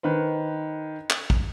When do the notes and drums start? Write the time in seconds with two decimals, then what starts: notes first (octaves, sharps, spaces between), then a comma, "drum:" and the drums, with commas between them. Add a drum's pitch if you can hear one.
0.03 D#3 B4 C5
1.10 drum: clap
1.30 drum: kick